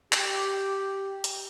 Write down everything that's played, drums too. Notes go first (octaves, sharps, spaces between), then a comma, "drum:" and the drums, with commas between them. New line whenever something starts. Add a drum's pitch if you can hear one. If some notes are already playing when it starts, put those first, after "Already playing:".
G4, drum: clap
drum: hi-hat